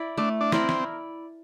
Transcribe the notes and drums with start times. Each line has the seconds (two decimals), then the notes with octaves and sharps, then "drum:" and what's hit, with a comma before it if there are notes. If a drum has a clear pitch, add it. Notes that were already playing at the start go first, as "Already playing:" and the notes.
Already playing: E4 D5
0.17 A3 D4
0.41 D4
0.52 C4 E4 A#4 D5, drum: snare
0.69 drum: snare